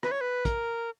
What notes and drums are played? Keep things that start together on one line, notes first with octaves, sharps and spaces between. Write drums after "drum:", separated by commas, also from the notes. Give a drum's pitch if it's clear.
B4, drum: rim click
C#5
B4
A#4, drum: kick, hi-hat